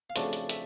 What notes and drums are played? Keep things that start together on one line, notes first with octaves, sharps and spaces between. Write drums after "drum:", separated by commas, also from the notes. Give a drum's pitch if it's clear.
F5
F2 C#3 F#3 A3 D4 F#5, drum: hi-hat
drum: hi-hat
E5, drum: hi-hat